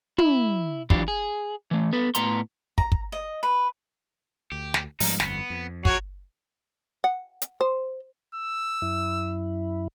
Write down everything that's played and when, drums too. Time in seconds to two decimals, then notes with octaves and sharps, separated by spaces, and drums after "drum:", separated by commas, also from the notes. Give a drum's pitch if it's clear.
0.18 E4, drum: tom
0.90 E3 F#3 D4 F4 G4, drum: kick
1.08 G#4
1.71 E3 A3
1.93 B3 A4 B4
2.15 A2 B3 A#5 C6, drum: hi-hat
2.78 A#5, drum: kick
2.92 drum: kick
3.12 D#5
3.43 B4
4.52 D2 G4
4.74 drum: snare
5.00 G#2 F3 G3 A#3 D#4, drum: open hi-hat
5.20 G1 F2 B3, drum: snare
5.50 F2
5.85 F#4 G#4 A#4 C#5, drum: kick
7.04 F#5
7.42 drum: hi-hat
7.61 C5
8.35 E6
8.82 F#2 E4